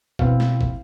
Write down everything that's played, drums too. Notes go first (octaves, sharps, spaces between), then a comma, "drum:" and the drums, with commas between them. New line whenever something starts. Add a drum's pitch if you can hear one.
B2 C4 E4 F5, drum: kick
drum: snare
drum: kick